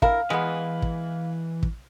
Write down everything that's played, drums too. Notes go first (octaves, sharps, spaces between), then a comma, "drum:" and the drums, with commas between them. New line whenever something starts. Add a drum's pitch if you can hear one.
E4 A#4 F5, drum: kick
E3 G#3 B3 B4
drum: kick
drum: kick